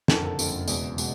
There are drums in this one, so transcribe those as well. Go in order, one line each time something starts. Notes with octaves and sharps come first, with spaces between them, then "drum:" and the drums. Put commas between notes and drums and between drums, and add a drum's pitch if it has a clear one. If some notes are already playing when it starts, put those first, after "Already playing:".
F#1 F2 D3 A4, drum: snare
A#4
A4
F#1 F2 D3, drum: tambourine
F#1 E2 B2 G#3 G#4, drum: tambourine
B2 G#3, drum: tambourine